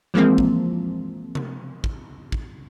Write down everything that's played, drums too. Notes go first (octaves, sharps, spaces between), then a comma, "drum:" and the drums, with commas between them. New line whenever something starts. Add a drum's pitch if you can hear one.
E3 F3 G#3 A#3 C4
drum: kick
drum: tom C3
drum: kick
drum: kick